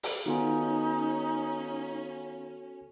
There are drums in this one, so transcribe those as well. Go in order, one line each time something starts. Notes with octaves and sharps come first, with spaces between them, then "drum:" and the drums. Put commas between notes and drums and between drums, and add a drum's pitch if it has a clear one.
drum: open hi-hat
D#3 B3 C#4 D#4 F4 F#4 A4 G#5